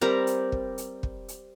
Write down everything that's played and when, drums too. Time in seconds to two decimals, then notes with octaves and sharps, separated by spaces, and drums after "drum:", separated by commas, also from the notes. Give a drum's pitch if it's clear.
0.01 G3 C4 A#4 A#5
0.27 drum: hi-hat
0.52 drum: kick
0.78 drum: hi-hat
1.03 drum: kick
1.28 drum: hi-hat